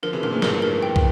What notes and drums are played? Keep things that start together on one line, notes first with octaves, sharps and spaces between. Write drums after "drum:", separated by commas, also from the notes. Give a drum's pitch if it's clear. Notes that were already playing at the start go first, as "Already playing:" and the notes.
D3 F3 A#4
C#3 E3
A#2 D3 A#4
A2 C#3
G2 A#2 A#4, drum: snare
A#4
G5
drum: kick